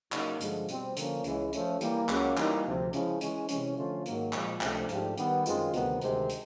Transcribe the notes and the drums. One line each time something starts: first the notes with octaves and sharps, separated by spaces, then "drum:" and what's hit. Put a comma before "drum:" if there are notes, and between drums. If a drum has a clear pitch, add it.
C#3 F#3 A#3 D#4, drum: clap
G2 D3 F3 G#3, drum: hi-hat
B2 G3 C4, drum: hi-hat
D3 F3 A#3 C#4, drum: hi-hat
C#2 C#3 E3 G#3 C#4, drum: hi-hat
F3 A3 C#4, drum: hi-hat
E3 G3 A#3, drum: hi-hat
C#2 C#3 F#3 A#3 C#4, drum: clap
E3 G3 A#3 D#4, drum: clap
D2 C3 F3
C#3 F3 G#3 C#4 E4, drum: hi-hat
E3 G#3 C#4, drum: hi-hat
C3 E3 G#3 C#4, drum: hi-hat
D3 F3 A3 C#4 F4
G#2 D#3 F#3 A#3, drum: hi-hat
A#2 F3 G#3, drum: clap
C#2 C3 F3 A3 D4, drum: clap
G#2 F3 A3 D4 G4, drum: hi-hat
D#3 G3 B3, drum: hi-hat
F#2 D#3 G#3 C4 F4, drum: hi-hat
D2 C3 D#3 G3 B3, drum: hi-hat
D2 C3 D#3 G#3 C4, drum: hi-hat
drum: hi-hat